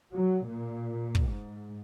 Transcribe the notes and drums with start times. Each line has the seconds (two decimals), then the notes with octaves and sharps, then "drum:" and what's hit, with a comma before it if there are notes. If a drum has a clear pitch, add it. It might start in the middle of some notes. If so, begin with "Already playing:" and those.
0.12 F#3
0.46 A#2
1.15 drum: kick
1.27 G#2